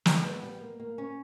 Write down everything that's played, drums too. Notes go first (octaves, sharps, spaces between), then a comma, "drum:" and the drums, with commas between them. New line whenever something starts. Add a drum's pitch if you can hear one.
G#3, drum: snare
B3
G3
A#3
A#3
C#4